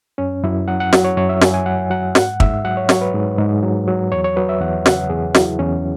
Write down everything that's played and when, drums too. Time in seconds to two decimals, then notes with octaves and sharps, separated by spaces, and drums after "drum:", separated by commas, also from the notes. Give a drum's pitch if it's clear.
0.18 F#2 C#4
0.43 F#2 E4
0.68 F#3 F#5
0.80 F#5
0.93 F#3, drum: snare
1.04 C#5
1.17 F#2 C#5
1.29 E5
1.41 F#2 G#5, drum: snare
1.54 G#5
1.66 F#3 F#5
1.90 F#3 F#5
2.15 G#2 F#5, drum: snare
2.40 G#2 E5, drum: kick
2.64 F#3 F#5
2.77 C#5
2.89 F#3 C#5, drum: snare
3.01 B4
3.14 G#2
3.38 G#2
3.63 F#3
3.87 F#3
4.12 E2 C#5
4.24 C#5
4.36 F#3 B4
4.49 E5
4.61 E2 F#5
4.86 C#3 F#5, drum: snare
5.10 E2 G#4
5.35 F#3 E4, drum: snare
5.59 E2 C#4